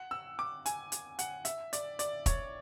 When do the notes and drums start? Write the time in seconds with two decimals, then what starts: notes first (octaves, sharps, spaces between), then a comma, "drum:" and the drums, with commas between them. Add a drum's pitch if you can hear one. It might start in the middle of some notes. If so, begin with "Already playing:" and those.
Already playing: F#5
0.11 E6
0.39 D6
0.66 G#5, drum: hi-hat
0.92 drum: hi-hat
1.19 F#5, drum: hi-hat
1.45 E5, drum: hi-hat
1.73 D5, drum: hi-hat
1.99 D5, drum: hi-hat
2.26 C#5, drum: kick, hi-hat